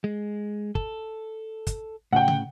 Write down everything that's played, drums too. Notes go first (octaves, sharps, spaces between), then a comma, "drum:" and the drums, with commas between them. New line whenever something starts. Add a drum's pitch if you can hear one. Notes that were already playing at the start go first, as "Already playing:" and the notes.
G#3
A4, drum: kick
drum: kick, hi-hat
A2 C#3 F#5 G5
drum: tom C#3